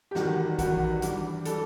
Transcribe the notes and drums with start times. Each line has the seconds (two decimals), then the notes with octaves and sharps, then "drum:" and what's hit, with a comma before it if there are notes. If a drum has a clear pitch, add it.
0.11 G4
0.15 E2 D#3 G3 F#4, drum: snare
0.59 E2 D#3 G3 F#4, drum: kick A#1, hi-hat
1.02 G2 E3 G3, drum: hi-hat
1.45 E3 G3 A4, drum: hi-hat